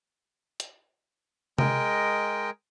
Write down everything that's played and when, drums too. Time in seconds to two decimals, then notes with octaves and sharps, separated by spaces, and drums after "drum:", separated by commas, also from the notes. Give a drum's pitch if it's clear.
0.60 drum: hi-hat
1.58 G#3 A#4 D#5 G5, drum: tom C3